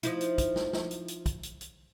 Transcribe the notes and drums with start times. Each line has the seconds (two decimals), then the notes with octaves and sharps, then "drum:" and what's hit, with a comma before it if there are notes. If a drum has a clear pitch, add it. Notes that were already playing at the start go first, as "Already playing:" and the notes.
0.03 F3 D#4 E4, drum: hi-hat
0.21 drum: hi-hat
0.38 drum: kick, hi-hat
0.56 drum: snare
0.73 drum: snare
0.91 drum: hi-hat
1.08 drum: hi-hat
1.26 drum: kick, hi-hat
1.43 drum: hi-hat
1.61 drum: hi-hat